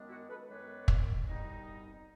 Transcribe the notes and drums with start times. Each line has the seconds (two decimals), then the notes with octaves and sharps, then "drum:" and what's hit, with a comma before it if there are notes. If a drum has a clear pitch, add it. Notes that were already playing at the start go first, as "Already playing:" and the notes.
Already playing: F#2 D#3 G#3 B3 D4
0.09 E4 F#4
0.28 A4 B4
0.48 F#2 D#3 G#3 B3 D4 B4 C#5
0.88 drum: kick
1.28 C2 B2 G3 C4 D#4